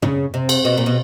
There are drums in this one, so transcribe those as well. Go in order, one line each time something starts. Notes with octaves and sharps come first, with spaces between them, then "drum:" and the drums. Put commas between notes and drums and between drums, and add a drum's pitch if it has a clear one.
C#3, drum: tom
C3
drum: cymbal
B2
A#2
B2